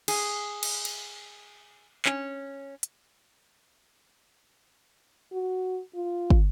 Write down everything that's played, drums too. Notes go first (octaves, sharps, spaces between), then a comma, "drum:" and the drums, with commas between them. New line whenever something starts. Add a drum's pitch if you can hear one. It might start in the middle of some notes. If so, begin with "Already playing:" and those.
G#4, drum: cymbal
drum: cymbal
drum: cymbal
C#4, drum: clap
drum: hi-hat
F#4
F4
drum: kick